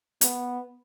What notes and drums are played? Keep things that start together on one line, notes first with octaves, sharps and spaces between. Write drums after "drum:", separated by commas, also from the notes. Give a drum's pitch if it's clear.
B3, drum: hi-hat